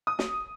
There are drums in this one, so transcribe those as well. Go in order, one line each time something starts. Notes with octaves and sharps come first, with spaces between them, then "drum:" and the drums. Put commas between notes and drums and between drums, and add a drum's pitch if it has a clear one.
D#6
drum: snare